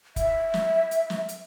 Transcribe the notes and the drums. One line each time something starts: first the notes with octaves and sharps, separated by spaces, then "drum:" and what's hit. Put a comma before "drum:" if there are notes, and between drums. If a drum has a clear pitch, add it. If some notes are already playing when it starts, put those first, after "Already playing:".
E5, drum: kick F1, hi-hat
drum: snare
drum: hi-hat
drum: snare
drum: hi-hat